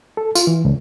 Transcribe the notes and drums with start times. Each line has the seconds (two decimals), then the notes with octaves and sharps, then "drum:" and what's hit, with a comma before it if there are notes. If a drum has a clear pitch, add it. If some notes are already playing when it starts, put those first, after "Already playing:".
0.17 A4
0.35 F4, drum: tambourine
0.47 E3
0.65 C#2